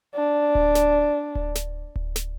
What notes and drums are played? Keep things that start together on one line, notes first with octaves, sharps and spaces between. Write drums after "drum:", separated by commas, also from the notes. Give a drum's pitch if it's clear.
D4
drum: kick D1
drum: snare
drum: kick D1
drum: snare
drum: kick D1
drum: snare